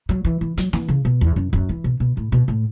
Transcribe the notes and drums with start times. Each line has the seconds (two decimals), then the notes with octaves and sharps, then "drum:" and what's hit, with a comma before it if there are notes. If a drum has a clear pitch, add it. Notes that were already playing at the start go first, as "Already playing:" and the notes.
0.09 F#3
0.25 E3
0.41 E3
0.58 F#3, drum: hi-hat
0.73 E3, drum: snare
0.88 C#3
1.05 B2
1.21 E2
1.36 F#2
1.53 F#2, drum: kick
1.69 E3
1.84 B2
2.00 B2
2.17 A2
2.32 B2
2.48 A2